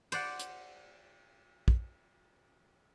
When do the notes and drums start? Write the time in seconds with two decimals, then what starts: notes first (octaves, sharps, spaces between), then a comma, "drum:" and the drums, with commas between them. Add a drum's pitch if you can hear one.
0.12 C5 D5 F#5, drum: cymbal
0.39 drum: hi-hat
1.68 drum: kick